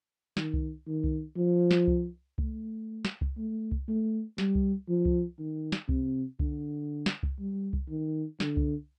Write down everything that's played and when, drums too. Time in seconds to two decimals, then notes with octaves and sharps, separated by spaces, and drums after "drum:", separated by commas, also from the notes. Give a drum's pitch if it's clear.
0.37 D#3, drum: snare
0.54 drum: kick C2
0.87 D#3
1.04 drum: kick C2
1.37 F3
1.71 drum: snare
1.87 drum: kick C2
2.38 A3, drum: kick C2
3.05 drum: snare
3.21 drum: kick C2
3.38 A3
3.72 drum: kick C2
3.88 A3
4.38 G3, drum: snare
4.55 drum: kick C2
4.89 F3
5.05 drum: kick C2
5.39 D#3
5.72 drum: snare
5.89 C3, drum: kick C2
6.39 D3, drum: kick C2
7.06 drum: snare
7.23 drum: kick C2
7.40 G3
7.73 drum: kick C2
7.89 D#3
8.40 D3, drum: snare
8.57 drum: kick C2